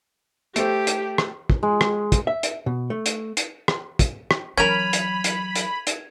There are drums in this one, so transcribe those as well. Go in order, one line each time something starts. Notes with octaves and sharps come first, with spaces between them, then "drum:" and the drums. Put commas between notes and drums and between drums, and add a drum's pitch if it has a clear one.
A3 G4 C5, drum: hi-hat
drum: hi-hat
drum: rim click
drum: kick
G#3
drum: rim click
drum: kick, hi-hat
E5
drum: hi-hat
B2
A3
drum: hi-hat
drum: hi-hat
drum: rim click
drum: kick, hi-hat
drum: rim click
E3 F#3 C#4 A#4 B5 G#6 D#7 F7
drum: hi-hat
drum: hi-hat
drum: hi-hat
drum: hi-hat